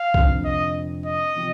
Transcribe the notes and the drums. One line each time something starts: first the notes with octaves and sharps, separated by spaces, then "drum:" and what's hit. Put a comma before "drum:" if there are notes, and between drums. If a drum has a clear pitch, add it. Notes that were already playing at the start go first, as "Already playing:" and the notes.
Already playing: F5
F1 F2 D3, drum: kick
D#5
D#5
C3 F3 C4